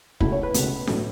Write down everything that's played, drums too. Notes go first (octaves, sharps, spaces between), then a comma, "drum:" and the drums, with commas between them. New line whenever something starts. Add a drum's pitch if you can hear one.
C#2 B2 A3 E4, drum: kick
C#5
B4
C#2 B2 A3, drum: hi-hat
A2 F#3 A3, drum: snare D4